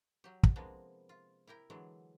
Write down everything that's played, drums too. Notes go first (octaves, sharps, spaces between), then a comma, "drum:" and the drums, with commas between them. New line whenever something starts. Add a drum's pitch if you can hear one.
F#3 G4
drum: kick
C3 F3 G#3 A#3 B3 D4
F4
E4 G4 A#4 G5
D3 E3 F#3 G#3